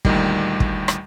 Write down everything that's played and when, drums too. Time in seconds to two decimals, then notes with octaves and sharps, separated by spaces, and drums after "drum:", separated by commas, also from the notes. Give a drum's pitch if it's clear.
0.05 D2 A#2 D#3 G3, drum: kick
0.60 drum: kick
0.88 drum: rim click